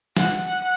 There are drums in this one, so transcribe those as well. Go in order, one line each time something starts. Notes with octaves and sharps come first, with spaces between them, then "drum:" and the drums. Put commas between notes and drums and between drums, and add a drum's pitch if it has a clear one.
F#5, drum: snare